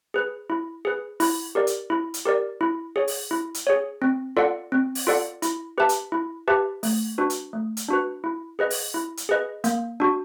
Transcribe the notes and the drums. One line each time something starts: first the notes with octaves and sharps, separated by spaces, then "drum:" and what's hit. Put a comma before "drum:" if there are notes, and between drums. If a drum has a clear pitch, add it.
G#4 B4
E4
G#4 B4
E4, drum: open hi-hat
G4 A#4 D5
drum: hi-hat
E4
drum: hi-hat
G4 A#4 D5
E4
G#4 C#5
drum: open hi-hat
E4
drum: hi-hat
G#4 C#5
C4
F4 A4 D5 F#5
C4
drum: open hi-hat
F4 A4 D5 F#5
E4, drum: hi-hat
G4 B4 E5 A5
drum: hi-hat
E4
G4 B4 E5 A5
A3, drum: open hi-hat
D4 F#4 B4
drum: hi-hat
A3
drum: hi-hat
D4 F#4 B4
E4
G#4 B4 D#5
drum: open hi-hat
E4
drum: hi-hat
G#4 B4 D#5
A#3, drum: hi-hat
D4 F#4